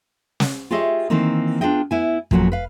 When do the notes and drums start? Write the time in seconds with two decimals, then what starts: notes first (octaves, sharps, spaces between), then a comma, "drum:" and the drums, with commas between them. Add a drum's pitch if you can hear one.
0.40 drum: snare
0.71 F4 G4 G#4 C#5 D#5 E5
1.10 D#3 E3 A#3 C4 D#4
1.61 B3 D4 F4 G#4 D#5 G5
1.91 B3 E4 G#5
2.31 F2 A#2 F#3 C#4 F#5, drum: kick
2.52 B4 F5